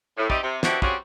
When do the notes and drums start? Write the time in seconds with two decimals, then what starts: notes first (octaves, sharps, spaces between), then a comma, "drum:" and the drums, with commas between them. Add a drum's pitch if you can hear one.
0.18 A2
0.30 G3 C4 D#4 G4 D#5 E5, drum: kick
0.43 C3
0.63 B2 D3 E3 C4 F#4 G4, drum: snare
0.82 G3 C4 C#4 F4 F#4 G#4, drum: kick